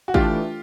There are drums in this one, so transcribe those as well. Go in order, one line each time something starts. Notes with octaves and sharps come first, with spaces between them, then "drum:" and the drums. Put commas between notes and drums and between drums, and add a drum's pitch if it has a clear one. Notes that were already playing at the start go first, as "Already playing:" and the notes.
F#4
E3 A3 D4 F4 G4, drum: kick